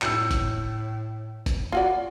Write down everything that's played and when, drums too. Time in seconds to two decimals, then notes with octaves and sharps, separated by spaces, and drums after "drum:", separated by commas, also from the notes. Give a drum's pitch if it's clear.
0.02 A2 E6 G6 C#7, drum: clap
0.31 drum: kick, hi-hat
1.46 drum: kick, hi-hat
1.72 F4 F#4 D5